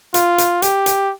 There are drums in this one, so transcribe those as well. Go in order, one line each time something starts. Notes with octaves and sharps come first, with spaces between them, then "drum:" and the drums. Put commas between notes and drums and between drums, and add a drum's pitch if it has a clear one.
F4, drum: hi-hat
drum: hi-hat
G4, drum: hi-hat
drum: hi-hat